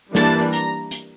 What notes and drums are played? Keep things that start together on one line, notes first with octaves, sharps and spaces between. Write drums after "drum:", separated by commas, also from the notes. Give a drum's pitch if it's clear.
E3 G3 A#3 D4 A5, drum: snare
A#5, drum: hi-hat
drum: hi-hat